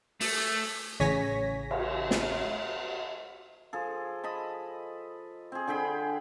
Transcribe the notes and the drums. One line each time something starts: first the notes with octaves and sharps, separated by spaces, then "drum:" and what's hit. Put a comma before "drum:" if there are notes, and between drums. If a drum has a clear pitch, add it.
A3, drum: open hi-hat
A1 C#3 C#5 G#5 A#6 B6
drum: cymbal
drum: snare
F3 G#4 A4
D#5 A5 B5
C4 G#4
D3 G#4 G5 B5